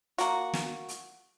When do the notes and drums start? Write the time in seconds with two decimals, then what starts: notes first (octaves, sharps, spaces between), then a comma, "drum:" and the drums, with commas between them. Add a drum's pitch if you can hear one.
0.18 A#3 F#4, drum: hi-hat
0.53 drum: snare
0.89 drum: hi-hat